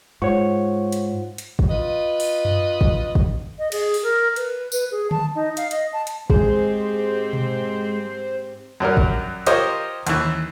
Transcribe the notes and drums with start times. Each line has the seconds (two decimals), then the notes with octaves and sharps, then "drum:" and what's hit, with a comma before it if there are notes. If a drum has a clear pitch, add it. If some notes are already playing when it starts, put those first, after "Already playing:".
0.22 G#2 F4 C5 C#5 F#5 C#6
0.92 drum: hi-hat
1.38 drum: hi-hat
1.59 drum: kick
1.69 F4 B4 D#5
2.20 drum: open hi-hat
2.45 drum: tom F#2
2.81 drum: kick
3.15 drum: kick
3.59 D#5
3.72 G#4, drum: cymbal
3.94 drum: open hi-hat
4.03 A#4
4.36 B4, drum: hi-hat
4.72 B4, drum: tambourine
4.91 G#4
5.11 A5, drum: tom D3
5.35 D#4
5.57 F5, drum: hi-hat
5.71 D#5, drum: hi-hat
5.93 A5
6.07 drum: hi-hat
6.30 G#2 G#3 C4 G4 G#4 C5, drum: kick
7.33 drum: tom B2
8.80 F#2 F#3 G3 A#4
8.97 drum: kick
9.46 F4 G4 A#4 C5 C#5 D#5, drum: hi-hat
10.07 D#2 E3, drum: hi-hat